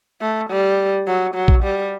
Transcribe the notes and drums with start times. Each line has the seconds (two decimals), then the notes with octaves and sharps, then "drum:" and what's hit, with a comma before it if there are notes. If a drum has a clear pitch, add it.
0.21 A3
0.50 G3
1.07 F#3
1.34 F#3
1.48 drum: kick A#1
1.63 G3